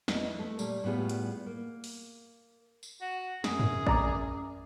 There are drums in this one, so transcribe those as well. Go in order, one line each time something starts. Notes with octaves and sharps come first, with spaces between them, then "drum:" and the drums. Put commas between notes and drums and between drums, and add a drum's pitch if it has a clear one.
F2 B3 E4 D#5, drum: snare
A3
A#2 G3 A3, drum: tambourine
A2 G3 B3 F4 G#4
drum: hi-hat
A#3
drum: open hi-hat
drum: tambourine
F#4
F#2 G#4, drum: snare
drum: tom F#2
D5 A#5 D6, drum: kick A1